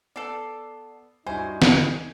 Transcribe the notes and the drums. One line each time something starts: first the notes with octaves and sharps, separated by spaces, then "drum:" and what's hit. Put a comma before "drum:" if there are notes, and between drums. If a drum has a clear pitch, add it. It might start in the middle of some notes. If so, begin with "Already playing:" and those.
B3 A4 D5 C7 E7
G2 D#4 E4 F#4 C5 G#5
drum: snare